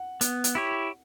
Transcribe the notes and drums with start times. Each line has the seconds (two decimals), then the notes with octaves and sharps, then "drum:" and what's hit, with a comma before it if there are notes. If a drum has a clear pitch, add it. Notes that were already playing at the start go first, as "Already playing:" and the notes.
Already playing: F#5
0.21 B3, drum: hi-hat
0.44 drum: hi-hat
0.55 E4 G4 C#5